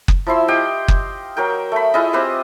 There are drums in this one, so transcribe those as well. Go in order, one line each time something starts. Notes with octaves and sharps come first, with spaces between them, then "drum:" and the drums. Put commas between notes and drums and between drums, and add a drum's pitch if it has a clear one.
drum: kick F#1
F3 E4 C6 E6
G4 D#5 F5 G5
drum: kick F#1
F#3 A#4 G5
A3 B5
E4 F4 G#4 D#5
C4 G4 B4 F5